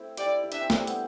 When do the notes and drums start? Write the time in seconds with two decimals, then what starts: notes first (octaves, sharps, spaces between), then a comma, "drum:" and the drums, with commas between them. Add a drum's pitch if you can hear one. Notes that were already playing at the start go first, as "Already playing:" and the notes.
Already playing: A3 C4 E4
0.17 G4 D5, drum: hi-hat
0.26 E4
0.44 E4
0.52 D4 E5, drum: hi-hat
0.61 C4
0.70 A3, drum: snare
0.79 G3
0.87 B3, drum: hi-hat